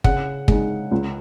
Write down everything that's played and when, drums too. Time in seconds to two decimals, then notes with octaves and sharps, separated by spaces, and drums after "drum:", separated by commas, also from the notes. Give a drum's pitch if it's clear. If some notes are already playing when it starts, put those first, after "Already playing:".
0.04 C#3 F#5, drum: kick
0.48 G#3 D#4, drum: kick
0.92 C#2